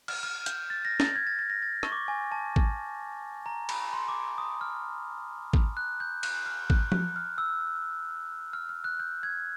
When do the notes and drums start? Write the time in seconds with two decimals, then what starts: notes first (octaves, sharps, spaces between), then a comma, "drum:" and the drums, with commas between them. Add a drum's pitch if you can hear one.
0.08 F6, drum: cymbal
0.23 F6
0.46 G6, drum: hi-hat
0.70 A6
0.85 A#6
1.00 A6, drum: snare
1.16 G#6
1.27 A6
1.39 A6
1.50 A#6
1.62 A6
1.83 C#6, drum: rim click
1.92 D6
2.08 G#5
2.32 A5
2.56 drum: kick G#1
3.46 A#5
3.69 B5, drum: cymbal
3.93 C6
4.08 D6
4.38 D#6
4.61 F6
5.53 drum: kick G#1
5.77 F#6
6.00 G6
6.23 F#6, drum: cymbal
6.46 F6
6.70 F#6, drum: kick G#1
6.92 F#6, drum: tom F3
7.16 F6
7.38 E6
8.53 F6
8.69 F6
8.84 F#6
9.00 G6
9.23 G#6